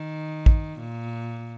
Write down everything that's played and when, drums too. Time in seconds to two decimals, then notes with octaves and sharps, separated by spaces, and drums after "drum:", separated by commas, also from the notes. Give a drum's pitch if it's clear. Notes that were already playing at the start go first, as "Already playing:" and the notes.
Already playing: D#3
0.46 drum: kick
0.79 A#2